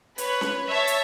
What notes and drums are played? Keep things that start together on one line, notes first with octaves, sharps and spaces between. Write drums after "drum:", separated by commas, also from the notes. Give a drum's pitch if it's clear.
B4 C#5, drum: hi-hat
drum: snare C#4
C#5 E5 A5
drum: hi-hat